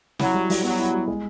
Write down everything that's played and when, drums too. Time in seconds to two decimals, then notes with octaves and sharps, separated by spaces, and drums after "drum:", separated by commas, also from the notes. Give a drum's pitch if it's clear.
0.19 F#3 E4, drum: snare
0.34 G3
0.50 G3, drum: open hi-hat
0.64 F#3 B3
0.79 E4
0.94 G3
1.08 G#3